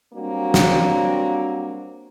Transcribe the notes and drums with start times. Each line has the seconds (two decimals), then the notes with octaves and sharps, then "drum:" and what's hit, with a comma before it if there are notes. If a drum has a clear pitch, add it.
0.14 F#3 G3 A#3 C4 D4 F#4
0.54 drum: snare